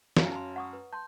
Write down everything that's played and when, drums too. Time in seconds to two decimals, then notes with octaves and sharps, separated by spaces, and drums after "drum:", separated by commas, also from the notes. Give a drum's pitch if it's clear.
0.17 F#2 F#4 C#5 F5, drum: snare
0.32 A5 A#5 C6
0.56 F#5 C#6 D#6
0.73 B4
0.93 A5 C6 G6